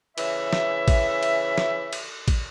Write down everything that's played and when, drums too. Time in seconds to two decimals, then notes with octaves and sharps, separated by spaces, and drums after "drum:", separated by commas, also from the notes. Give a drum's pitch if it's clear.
0.18 C#3 E3 E5, drum: cymbal
0.53 drum: snare
0.88 drum: kick A1, cymbal
1.23 drum: cymbal
1.58 drum: snare
1.93 drum: cymbal
2.28 drum: kick A1, cymbal